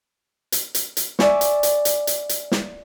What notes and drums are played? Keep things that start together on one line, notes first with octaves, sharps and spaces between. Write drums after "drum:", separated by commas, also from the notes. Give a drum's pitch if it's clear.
drum: hi-hat
drum: hi-hat
drum: hi-hat
D5 E5 G#5 C#6, drum: snare
drum: hi-hat
drum: hi-hat
drum: hi-hat
drum: hi-hat
drum: hi-hat
drum: snare